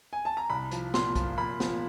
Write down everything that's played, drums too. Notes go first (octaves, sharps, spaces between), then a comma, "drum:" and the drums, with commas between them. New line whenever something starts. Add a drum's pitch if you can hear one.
G#5
A5
A#5
C2 B5
F3, drum: hi-hat
A#2 C6, drum: snare
F3, drum: kick, hi-hat
A#2 B5
F3, drum: snare